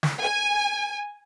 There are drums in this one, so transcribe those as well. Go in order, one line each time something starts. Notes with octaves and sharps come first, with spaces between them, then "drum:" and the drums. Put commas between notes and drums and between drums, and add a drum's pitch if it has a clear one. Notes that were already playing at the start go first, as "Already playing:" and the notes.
drum: snare
G#5